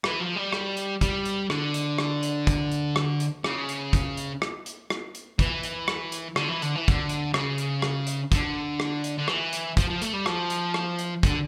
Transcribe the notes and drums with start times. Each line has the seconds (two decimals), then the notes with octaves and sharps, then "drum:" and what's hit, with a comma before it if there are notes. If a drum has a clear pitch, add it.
0.04 E3, drum: rim click
0.20 F3
0.36 G3
0.52 drum: rim click
0.77 drum: hi-hat
1.01 G3, drum: kick, hi-hat
1.25 drum: hi-hat
1.50 D3, drum: rim click
1.74 drum: hi-hat
1.98 drum: rim click
2.23 drum: hi-hat
2.47 drum: kick, hi-hat
2.71 drum: hi-hat
2.96 drum: rim click
3.20 drum: hi-hat
3.44 C#3, drum: rim click
3.69 drum: hi-hat
3.93 drum: kick, hi-hat
4.17 drum: hi-hat
4.42 drum: rim click
4.66 drum: hi-hat
4.90 drum: rim click
5.15 drum: hi-hat
5.39 E3, drum: kick, hi-hat
5.63 drum: hi-hat
5.88 drum: rim click
6.12 drum: hi-hat
6.36 D3, drum: rim click
6.49 E3
6.62 D3, drum: hi-hat
6.75 E3
6.88 D3, drum: kick, hi-hat
7.09 drum: hi-hat
7.34 C#3, drum: rim click
7.58 drum: hi-hat
7.82 drum: rim click
8.07 drum: hi-hat
8.32 D3, drum: kick, hi-hat
8.80 drum: rim click
9.04 drum: hi-hat
9.18 D3
9.28 E3, drum: rim click
9.53 drum: hi-hat
9.77 F3, drum: kick, hi-hat
9.90 F3
10.02 A3, drum: hi-hat
10.14 G3
10.26 F3, drum: rim click
10.50 drum: hi-hat
10.74 drum: rim click
10.99 drum: hi-hat
11.23 D3, drum: kick, hi-hat